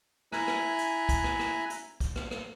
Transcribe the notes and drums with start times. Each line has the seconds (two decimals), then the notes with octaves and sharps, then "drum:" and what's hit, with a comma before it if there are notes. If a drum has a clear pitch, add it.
0.32 E4 E5 G#5 A#5 F#6, drum: rim click
0.48 drum: rim click
0.78 drum: hi-hat
1.09 drum: kick, hi-hat
1.24 drum: rim click
1.39 drum: rim click
1.70 drum: hi-hat
2.00 drum: kick, hi-hat
2.16 drum: rim click
2.31 drum: rim click